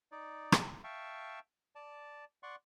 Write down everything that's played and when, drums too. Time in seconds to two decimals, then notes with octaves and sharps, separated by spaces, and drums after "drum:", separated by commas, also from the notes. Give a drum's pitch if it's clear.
0.12 D#4 D5
0.52 drum: rim click
0.84 E5 F5 G5 A5 C#6
1.75 D5 A5
2.43 D5 F#5 C6 C#6